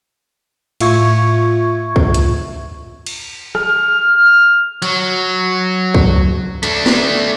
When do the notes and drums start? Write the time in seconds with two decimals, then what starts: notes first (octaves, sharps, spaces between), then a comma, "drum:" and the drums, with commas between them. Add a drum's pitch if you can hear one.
0.80 A2 F4 E5 C#6 G#6, drum: cymbal
1.96 drum: kick C2
2.14 drum: hi-hat
3.06 drum: cymbal
3.55 F6, drum: rim click
4.82 F#3, drum: hi-hat
5.95 drum: kick C2
6.63 A3 D4, drum: hi-hat
6.86 drum: snare